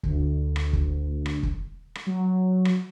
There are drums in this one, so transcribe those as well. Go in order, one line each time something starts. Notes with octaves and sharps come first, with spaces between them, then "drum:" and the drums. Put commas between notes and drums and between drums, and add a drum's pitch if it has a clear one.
D2, drum: kick
drum: rim click
drum: kick
drum: rim click
drum: kick
drum: rim click
F#3
drum: rim click